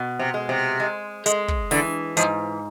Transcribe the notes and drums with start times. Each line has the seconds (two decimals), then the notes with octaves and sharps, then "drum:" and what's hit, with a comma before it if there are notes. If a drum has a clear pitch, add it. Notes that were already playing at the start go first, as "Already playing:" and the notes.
Already playing: B2
0.19 C3
0.34 G#3
0.49 C3
0.80 G#3
1.26 G#3, drum: hi-hat
1.48 drum: kick
1.71 D3 E3, drum: open hi-hat
2.17 G#2 F3, drum: hi-hat